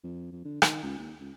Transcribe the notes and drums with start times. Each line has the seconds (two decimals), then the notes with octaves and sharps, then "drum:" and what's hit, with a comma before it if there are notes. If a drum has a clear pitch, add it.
0.04 F2
0.32 F2
0.45 D3
0.62 D#3, drum: rim click
0.83 C#2
0.98 D#2
1.20 C#2